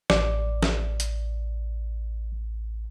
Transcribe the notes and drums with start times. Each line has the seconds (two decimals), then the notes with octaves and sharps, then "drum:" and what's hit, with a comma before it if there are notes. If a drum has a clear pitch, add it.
0.10 A1 D5, drum: snare
0.63 drum: snare
1.00 drum: hi-hat